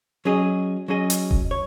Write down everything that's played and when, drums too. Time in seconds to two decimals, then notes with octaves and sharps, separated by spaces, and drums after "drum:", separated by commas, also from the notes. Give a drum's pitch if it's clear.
0.25 F#3 C#4 G#4 D#5
0.88 F#3 C#4 G#4 D#5
1.10 drum: hi-hat
1.31 drum: kick D#1
1.51 C#5